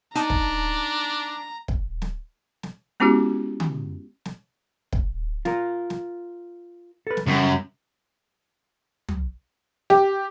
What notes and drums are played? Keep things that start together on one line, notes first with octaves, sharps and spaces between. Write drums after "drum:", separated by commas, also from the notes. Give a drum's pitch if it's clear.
D4 D#4 A5 A#5, drum: hi-hat
drum: kick
drum: kick
drum: snare
drum: snare
G#3 B3 C#4 E4 F#4 G4
drum: tom D3
drum: snare
drum: kick
F4 A#4, drum: snare
drum: snare
A4 B4
drum: snare
F#2 C#3 G3
drum: tom
G4, drum: snare